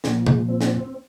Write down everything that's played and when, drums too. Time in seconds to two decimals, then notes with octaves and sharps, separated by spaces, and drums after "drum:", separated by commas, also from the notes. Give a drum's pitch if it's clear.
0.04 A#2 F3 A#3, drum: snare
0.27 G#3, drum: tom
0.49 C4
0.61 drum: snare
0.85 C4